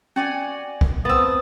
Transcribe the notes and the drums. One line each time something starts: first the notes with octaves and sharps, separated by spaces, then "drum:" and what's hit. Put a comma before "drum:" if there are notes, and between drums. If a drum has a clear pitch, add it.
C#4 F#4 D5 G#5
drum: kick
B3 C4 A5 D#6 E6